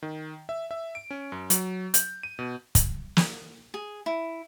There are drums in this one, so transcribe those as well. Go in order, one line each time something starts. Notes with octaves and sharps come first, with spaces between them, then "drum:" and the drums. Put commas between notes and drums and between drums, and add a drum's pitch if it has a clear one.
D#3
E5
E5
D7
C#4
F#2
F#3, drum: hi-hat
G6, drum: hi-hat
D#7
B2
drum: kick, hi-hat
drum: snare
G#4
E4